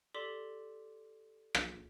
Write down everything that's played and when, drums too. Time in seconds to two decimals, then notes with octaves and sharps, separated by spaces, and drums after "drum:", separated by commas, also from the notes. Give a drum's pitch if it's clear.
0.14 G4 A4 D5 C6 D6 B6
1.55 drum: rim click